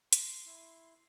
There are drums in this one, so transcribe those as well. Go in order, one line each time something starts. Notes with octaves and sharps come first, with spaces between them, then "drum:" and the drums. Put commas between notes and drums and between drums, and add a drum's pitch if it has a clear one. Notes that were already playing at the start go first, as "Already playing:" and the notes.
C6, drum: hi-hat
E4